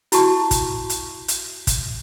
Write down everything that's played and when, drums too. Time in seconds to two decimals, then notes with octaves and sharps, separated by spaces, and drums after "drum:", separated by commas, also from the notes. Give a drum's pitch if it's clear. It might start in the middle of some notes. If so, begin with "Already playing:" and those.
0.12 E4 F#4 A5 C#6, drum: hi-hat
0.51 drum: kick, hi-hat
0.90 drum: hi-hat
1.28 drum: hi-hat
1.67 drum: kick, hi-hat